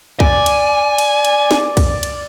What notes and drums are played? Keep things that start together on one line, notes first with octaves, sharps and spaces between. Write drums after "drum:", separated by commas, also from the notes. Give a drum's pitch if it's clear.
D5 G#5, drum: kick
drum: cymbal
drum: cymbal
drum: cymbal
drum: snare
drum: kick, cymbal
drum: cymbal